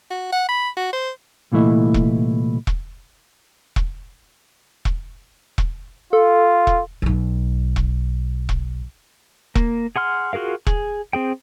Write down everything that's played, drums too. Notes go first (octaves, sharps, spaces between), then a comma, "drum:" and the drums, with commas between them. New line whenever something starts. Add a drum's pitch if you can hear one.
F#4
F#5
B5
F#4
C5
C2 A#2 E3 A3 E4 D#5
drum: kick E1
drum: kick E1
drum: kick E1
drum: kick E1
drum: kick E1
F4 A4
drum: kick E1
B1 B2
drum: kick E1
drum: kick E1
A#3, drum: kick E1
G#4 F#5 C6 F6
F4 F#4 G#4 A#4 F5
G#4, drum: kick E1
C4 G#4 G5